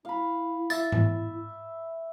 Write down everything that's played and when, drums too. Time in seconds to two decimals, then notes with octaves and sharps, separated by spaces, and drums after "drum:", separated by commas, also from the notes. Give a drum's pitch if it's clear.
0.05 E4 F5 B5
0.70 E5 A6, drum: tambourine
0.92 drum: tom G#2